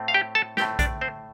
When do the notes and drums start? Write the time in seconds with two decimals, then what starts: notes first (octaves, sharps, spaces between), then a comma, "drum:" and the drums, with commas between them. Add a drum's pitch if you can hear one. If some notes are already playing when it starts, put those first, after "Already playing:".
Already playing: A2 A3 C4
0.08 F5
0.14 G4 G5
0.35 A4 A5
0.57 A2 A3 C4 G4 G5, drum: snare
0.79 D4 D5, drum: kick A#1, hi-hat
1.01 C4 C5